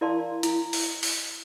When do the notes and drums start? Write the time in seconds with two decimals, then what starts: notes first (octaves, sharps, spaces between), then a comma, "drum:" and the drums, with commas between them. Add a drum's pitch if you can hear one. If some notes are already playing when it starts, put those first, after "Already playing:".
0.01 E4 A#4 D5 F5 A5 C6
0.43 E4, drum: hi-hat
0.73 drum: open hi-hat
1.03 drum: open hi-hat